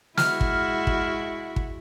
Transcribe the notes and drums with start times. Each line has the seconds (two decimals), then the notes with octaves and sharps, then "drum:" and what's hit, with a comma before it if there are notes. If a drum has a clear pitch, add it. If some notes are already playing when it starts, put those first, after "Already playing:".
0.18 G#3 E4 F#4 F6, drum: snare
0.41 drum: kick
0.87 drum: kick
1.56 drum: kick